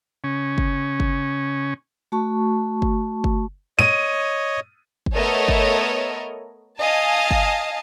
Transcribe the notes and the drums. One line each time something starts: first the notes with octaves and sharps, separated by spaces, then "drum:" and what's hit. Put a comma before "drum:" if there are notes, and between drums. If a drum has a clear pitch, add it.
C#3 C#4
drum: kick G1
drum: kick G1
A3 F#4 A5 C#6
drum: kick G1
drum: kick G1
C#5 D#5 D#7
drum: kick G1
A3 B3 A4 A#4 C#5 D#5
drum: kick G1
D#5 F5 G#5 A5
drum: kick G1